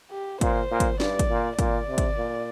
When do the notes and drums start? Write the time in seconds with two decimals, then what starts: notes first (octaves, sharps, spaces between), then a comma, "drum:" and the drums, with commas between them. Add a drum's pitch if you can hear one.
0.11 G4
0.41 A#2 C5, drum: kick, hi-hat
0.71 A#2
0.80 drum: kick, hi-hat
1.00 G2 D5, drum: snare
1.19 drum: kick, hi-hat
1.29 A#2
1.59 A#2 D5, drum: kick, hi-hat
1.88 C3
1.98 drum: kick, hi-hat
2.17 A#2